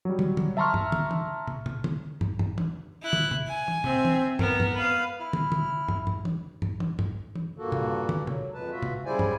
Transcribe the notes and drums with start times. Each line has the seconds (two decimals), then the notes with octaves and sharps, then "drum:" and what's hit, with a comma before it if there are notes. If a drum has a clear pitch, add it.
0.05 F#3 G3
0.19 drum: tom
0.37 drum: tom
0.57 E5 A5 A#5 C6 C#6 F6
0.74 drum: tom
0.92 drum: tom
1.11 drum: tom
1.48 drum: tom
1.66 drum: tom
1.84 drum: tom
2.21 drum: tom
2.39 drum: tom
2.58 drum: tom
3.02 E4 F#6
3.13 drum: tom
3.31 drum: tom
3.47 G#5
3.68 drum: tom
3.84 C4 E5, drum: tom
4.05 drum: tom
4.39 B3 A#4, drum: tom
4.60 drum: tom
4.74 B4 F5
5.20 E4 F6
5.33 drum: tom
5.52 drum: tom
5.88 drum: tom
6.07 drum: tom
6.25 drum: tom
6.62 drum: tom
6.80 drum: tom
6.99 drum: tom
7.35 drum: tom
7.58 G2 A#2 A#3 F#4 A4
7.72 drum: tom
8.09 drum: tom
8.27 F#3, drum: tom
8.54 F2 A#2 G#3 B4 A5
8.71 F4 F#4 E5
8.82 drum: tom
9.05 C#3 G3 E4 C5 D5 G#5
9.19 drum: tom